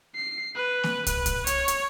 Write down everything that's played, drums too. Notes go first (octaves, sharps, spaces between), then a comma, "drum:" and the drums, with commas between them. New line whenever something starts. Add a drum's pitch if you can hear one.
C7
B4
drum: snare A#3
B4, drum: kick, hi-hat
drum: kick, hi-hat
C#5, drum: hi-hat
drum: hi-hat